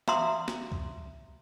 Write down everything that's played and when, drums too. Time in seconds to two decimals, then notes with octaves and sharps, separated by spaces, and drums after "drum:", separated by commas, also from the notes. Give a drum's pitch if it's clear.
0.08 E5 F5 A#5 C6 D#6, drum: snare
0.48 drum: snare
0.72 drum: kick C2